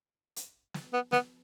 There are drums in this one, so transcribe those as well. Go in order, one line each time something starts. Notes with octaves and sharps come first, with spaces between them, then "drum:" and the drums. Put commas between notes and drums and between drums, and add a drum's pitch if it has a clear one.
drum: hi-hat
drum: snare
B3
B3, drum: snare